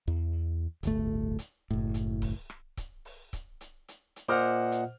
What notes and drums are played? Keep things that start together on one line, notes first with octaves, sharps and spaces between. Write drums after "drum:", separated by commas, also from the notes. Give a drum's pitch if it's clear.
E2
D1 G1 A3, drum: hi-hat
drum: hi-hat
F#1 A2
drum: hi-hat
drum: kick C#1, open hi-hat
drum: rim click
drum: kick C#1, hi-hat
drum: open hi-hat
drum: kick C#1, hi-hat
drum: hi-hat
drum: hi-hat
drum: hi-hat
A#2 C5 D#5 F#5 D6 F6
drum: hi-hat